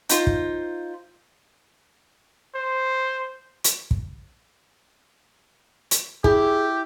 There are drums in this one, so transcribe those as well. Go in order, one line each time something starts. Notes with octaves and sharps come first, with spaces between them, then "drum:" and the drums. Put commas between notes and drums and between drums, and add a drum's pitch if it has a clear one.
D#4 F4 C5, drum: hi-hat
drum: kick
C5
drum: hi-hat
drum: kick
drum: hi-hat
E4 G4 G#4, drum: kick